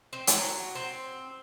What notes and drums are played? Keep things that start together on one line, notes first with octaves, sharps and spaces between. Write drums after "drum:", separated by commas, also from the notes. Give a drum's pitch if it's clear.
C4
F#3, drum: hi-hat
C4